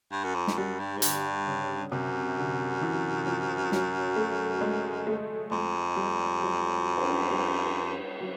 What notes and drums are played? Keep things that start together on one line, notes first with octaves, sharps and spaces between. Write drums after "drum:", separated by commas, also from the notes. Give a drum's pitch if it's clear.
G2
F#2
F2
drum: snare
F#2 G3
G2
G#2
G2 D3, drum: hi-hat
C#3
F#2 C3
D3
E3
F3
F#3, drum: snare
A3
G#3
A3
F2 G#3
G3
F#3
drum: cymbal
G3
F#3